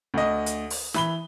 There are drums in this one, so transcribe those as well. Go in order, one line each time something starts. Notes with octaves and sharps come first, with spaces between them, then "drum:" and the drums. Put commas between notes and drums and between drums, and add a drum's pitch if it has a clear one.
D2 D#5
drum: hi-hat
drum: open hi-hat
E3 B5 G7, drum: snare